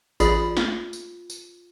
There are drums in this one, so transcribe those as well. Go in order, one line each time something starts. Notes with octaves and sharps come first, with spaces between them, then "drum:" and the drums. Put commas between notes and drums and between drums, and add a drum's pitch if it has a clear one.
A1 F4 G#4 D5, drum: tambourine
drum: snare
drum: tambourine
drum: tambourine